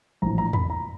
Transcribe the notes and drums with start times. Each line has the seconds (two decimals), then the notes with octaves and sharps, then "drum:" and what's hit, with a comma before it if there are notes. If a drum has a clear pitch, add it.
0.22 A#1 A2 E3 A#5
0.38 A#5
0.53 B5, drum: tom E2
0.70 A#5